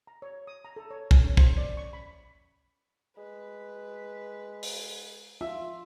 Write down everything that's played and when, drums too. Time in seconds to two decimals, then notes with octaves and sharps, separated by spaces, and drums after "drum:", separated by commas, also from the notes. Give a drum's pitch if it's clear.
0.07 A#5
0.22 C#5
0.47 D#6
0.65 A#5
0.76 A4
0.91 C#5
1.11 G#5, drum: kick
1.24 C#4
1.37 C5, drum: kick
1.57 D5
1.77 C#6
1.93 B5
3.18 G#3 B4
4.63 drum: open hi-hat
5.41 F4 E5